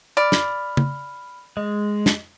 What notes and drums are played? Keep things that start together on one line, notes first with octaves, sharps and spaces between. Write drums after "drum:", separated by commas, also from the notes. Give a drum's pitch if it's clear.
D5 B5 F6
drum: snare
drum: tom
G#3 D#5
drum: snare